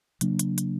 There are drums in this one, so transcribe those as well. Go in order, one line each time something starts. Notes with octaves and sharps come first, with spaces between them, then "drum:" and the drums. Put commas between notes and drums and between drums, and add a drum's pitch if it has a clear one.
C#3 F#3 A#3 D4, drum: hi-hat
drum: hi-hat
drum: hi-hat